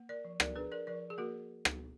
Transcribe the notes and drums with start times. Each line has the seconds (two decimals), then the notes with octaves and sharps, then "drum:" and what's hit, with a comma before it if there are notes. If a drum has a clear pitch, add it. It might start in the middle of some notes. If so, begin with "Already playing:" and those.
Already playing: A#3
0.09 A#4 D5
0.25 F3
0.40 A#4 D5, drum: rim click
0.56 D4 G#4 B4
0.72 A#4 D5
0.87 F3 A#4 D5
1.10 G#4
1.18 A#3 F#4 A#4
1.65 drum: rim click